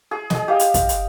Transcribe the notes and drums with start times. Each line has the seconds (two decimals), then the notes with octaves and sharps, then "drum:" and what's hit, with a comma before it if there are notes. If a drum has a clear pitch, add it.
0.11 G#4
0.30 G#4 D#5, drum: snare
0.48 G4 F5
0.59 drum: hi-hat
0.74 drum: kick, hi-hat
0.89 drum: hi-hat